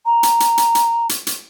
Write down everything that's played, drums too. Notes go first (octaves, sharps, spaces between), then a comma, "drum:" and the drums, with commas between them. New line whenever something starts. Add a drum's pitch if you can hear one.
A#5
drum: hi-hat
drum: hi-hat
drum: hi-hat
drum: hi-hat
drum: hi-hat
drum: hi-hat